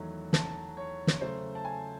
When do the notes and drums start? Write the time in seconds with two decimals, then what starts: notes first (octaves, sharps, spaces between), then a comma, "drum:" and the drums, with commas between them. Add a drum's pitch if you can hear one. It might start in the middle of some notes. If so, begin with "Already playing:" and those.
Already playing: E2 D#3 F#3 A3
0.33 A5, drum: snare
0.77 C#5
1.07 drum: snare
1.21 C#3 F#3 A3 C5
1.55 A5
1.65 G#5